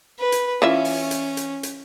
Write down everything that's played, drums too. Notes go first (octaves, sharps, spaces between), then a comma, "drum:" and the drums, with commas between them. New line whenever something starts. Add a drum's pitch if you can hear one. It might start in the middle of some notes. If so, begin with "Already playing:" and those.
B4
drum: hi-hat
E3 C#4 F4 E5
drum: open hi-hat
drum: hi-hat
drum: hi-hat
drum: hi-hat